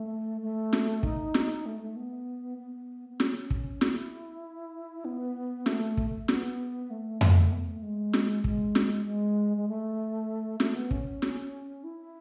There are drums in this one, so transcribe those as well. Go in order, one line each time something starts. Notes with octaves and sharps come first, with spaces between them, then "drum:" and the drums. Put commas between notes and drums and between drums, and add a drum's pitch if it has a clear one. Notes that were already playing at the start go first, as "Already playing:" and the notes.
Already playing: A3
A3
drum: snare
D#4, drum: kick
drum: snare
A3
A3
B3
B3
B3
C#4, drum: snare
drum: kick
E4, drum: snare
B3
A3, drum: snare
drum: kick
B3, drum: snare
A3
drum: tom F2
B3
A3
G#3
drum: snare
G#3, drum: kick
drum: snare
G#3
G#3
A3
A3, drum: snare
B3
C#4, drum: kick
drum: snare
E4